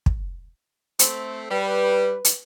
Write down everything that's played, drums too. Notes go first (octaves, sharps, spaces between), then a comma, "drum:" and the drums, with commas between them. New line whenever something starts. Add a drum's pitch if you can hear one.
drum: kick
A3 C4, drum: hi-hat
G3 B4
drum: hi-hat